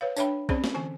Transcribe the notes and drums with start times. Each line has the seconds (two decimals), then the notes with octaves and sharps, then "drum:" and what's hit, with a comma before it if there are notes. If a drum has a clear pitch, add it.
0.01 B4 C#5 F5
0.17 D4 C#5 E5 G5 B5, drum: tambourine
0.49 C4 C#4 G#4 C5 D5 B5, drum: kick
0.64 drum: snare
0.74 D3 E3 G#5